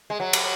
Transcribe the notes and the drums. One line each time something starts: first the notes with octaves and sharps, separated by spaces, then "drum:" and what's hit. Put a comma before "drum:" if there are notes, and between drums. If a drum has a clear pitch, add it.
G#3
F#3
drum: cymbal